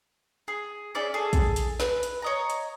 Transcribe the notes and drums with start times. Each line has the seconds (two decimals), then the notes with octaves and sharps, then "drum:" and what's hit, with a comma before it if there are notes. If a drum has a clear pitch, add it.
0.48 G#4
0.95 C#4 G#4 D5 E5
1.14 G#4 A4
1.33 drum: kick, hi-hat
1.56 drum: hi-hat
1.80 B4, drum: snare
2.03 drum: hi-hat
2.22 C#5 D#5 A#5
2.50 drum: hi-hat